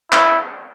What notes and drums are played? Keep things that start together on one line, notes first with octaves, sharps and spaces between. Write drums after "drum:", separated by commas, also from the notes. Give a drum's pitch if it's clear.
E4, drum: clap